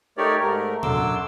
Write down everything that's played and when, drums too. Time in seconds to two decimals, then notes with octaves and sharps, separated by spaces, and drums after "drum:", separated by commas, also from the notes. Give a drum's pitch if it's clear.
0.17 A3 D#4 G4 A#4 C#5 D5
0.40 G#2 A3 A#4
0.83 F#2 D3 F#3 C6 D6 E6, drum: tom A#2